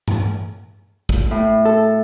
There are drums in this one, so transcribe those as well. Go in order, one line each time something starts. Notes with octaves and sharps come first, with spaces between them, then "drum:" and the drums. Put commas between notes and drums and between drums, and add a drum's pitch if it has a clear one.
drum: tom G2
drum: kick
A2
A4